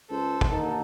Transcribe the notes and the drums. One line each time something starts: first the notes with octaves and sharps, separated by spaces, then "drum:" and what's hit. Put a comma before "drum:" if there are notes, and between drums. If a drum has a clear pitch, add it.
C#2 A4 C5
drum: kick
D#2 D3 D#3 D#4